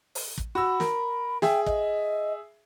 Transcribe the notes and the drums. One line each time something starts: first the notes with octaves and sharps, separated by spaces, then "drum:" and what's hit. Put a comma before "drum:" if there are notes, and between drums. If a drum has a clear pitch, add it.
drum: open hi-hat
drum: kick
F#4 B5 E6
A#4, drum: snare
G#4 E5 G5, drum: snare
D#5, drum: kick